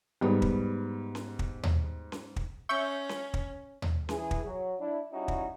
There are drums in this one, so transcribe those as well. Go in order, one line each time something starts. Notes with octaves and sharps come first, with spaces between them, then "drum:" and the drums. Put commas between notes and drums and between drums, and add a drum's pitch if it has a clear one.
G#2 G3 B3
drum: kick
drum: snare C#4
drum: kick
drum: tom D#2
drum: snare C#4
drum: kick
C#4 E5 C#6 G6
drum: snare C#4
drum: kick
drum: tom D#2
E3 G#4, drum: snare C#4
drum: kick
F#3
D4 E4
G3 C#4 D#4 E4 F#4
drum: kick